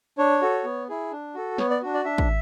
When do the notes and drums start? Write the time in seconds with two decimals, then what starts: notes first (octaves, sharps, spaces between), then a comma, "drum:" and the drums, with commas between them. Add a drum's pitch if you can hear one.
0.18 D4 C#5
0.42 F#4 A4
0.64 B3
0.89 E4 G#4
1.12 D4
1.35 F#4 A4
1.58 B3 C#5, drum: snare
1.70 D5
1.82 D4 F#4
1.94 D5
2.05 D4 E5
2.18 drum: kick